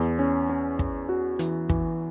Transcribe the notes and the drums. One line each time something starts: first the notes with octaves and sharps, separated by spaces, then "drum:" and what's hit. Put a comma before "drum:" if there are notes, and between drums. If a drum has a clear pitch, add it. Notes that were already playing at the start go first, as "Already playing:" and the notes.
Already playing: E2
C#4
C#4
C#4, drum: kick
F#4
E3, drum: hi-hat
E3, drum: kick